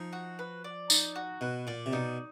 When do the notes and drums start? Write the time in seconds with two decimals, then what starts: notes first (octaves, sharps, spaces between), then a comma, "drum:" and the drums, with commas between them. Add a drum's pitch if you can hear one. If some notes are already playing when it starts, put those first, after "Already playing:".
Already playing: F3 D#4
0.13 F#4
0.39 B4
0.64 D5
0.90 D#4, drum: tambourine
1.16 F#4
1.41 B2 B4
1.67 A#2 D5
1.86 C3
1.93 B2 D#4